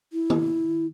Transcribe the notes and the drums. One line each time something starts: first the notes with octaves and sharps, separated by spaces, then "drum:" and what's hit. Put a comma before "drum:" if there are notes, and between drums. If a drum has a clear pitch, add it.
E4
drum: tom